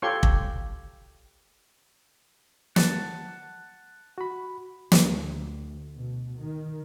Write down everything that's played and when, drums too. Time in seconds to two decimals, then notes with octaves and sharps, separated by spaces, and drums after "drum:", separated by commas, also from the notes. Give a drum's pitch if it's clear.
0.02 F4 G4 A4 C#5 C6 C#6
0.23 drum: kick
2.76 F#5 A5, drum: snare
4.18 F#4 B5
4.92 D2, drum: snare
5.94 B2
6.37 D#3